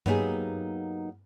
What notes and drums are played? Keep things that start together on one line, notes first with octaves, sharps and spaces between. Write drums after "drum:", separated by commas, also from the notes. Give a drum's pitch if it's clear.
F#3 A#3 B3 D#4 G4 G#4, drum: tom G2